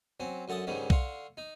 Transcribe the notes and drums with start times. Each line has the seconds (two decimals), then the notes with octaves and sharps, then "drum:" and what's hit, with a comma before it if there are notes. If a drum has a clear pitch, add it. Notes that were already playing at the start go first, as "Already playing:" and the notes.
0.20 F#3 C4 C#4
0.48 F#2 D3 F#5 A5 D#6
0.67 C#2 G#2 D3 D#3 G3 C#4
0.90 D3 D4 F5 C6 C#6, drum: kick B1
1.37 D#4